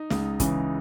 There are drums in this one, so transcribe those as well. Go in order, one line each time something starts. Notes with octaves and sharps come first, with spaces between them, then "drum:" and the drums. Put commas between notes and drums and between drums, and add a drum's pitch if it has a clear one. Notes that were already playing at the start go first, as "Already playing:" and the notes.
Already playing: D#4
C#2, drum: snare
C#3 E3, drum: kick, hi-hat